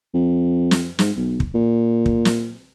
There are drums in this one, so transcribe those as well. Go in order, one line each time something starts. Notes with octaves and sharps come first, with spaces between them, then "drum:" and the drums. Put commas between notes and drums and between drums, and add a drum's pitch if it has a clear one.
F2
drum: snare
G#2, drum: snare
B1
drum: kick
A#2
drum: kick
drum: snare